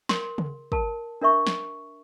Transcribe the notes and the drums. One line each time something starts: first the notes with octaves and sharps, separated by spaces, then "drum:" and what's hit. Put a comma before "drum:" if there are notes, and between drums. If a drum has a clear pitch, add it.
A#4 C6, drum: snare
drum: tom C#3
A#4 A5, drum: kick
D4 A#4 E5 C#6
drum: snare